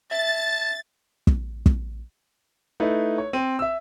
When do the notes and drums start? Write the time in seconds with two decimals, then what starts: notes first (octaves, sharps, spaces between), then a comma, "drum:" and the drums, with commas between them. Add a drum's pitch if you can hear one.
0.11 E5 A5 A6
1.27 drum: kick
1.66 drum: kick
2.80 A3 D#4 E4 B4
3.18 C#5
3.33 C4 D#7
3.59 E5 E6